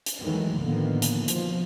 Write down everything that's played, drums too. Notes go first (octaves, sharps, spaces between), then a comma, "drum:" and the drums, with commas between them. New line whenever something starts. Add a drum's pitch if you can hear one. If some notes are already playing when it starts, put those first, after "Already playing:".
drum: hi-hat
E2 D#3 E3 F#3 G#3 A3
A2 D3 D#3 F3 A#3 B3
drum: hi-hat
B2 F3, drum: hi-hat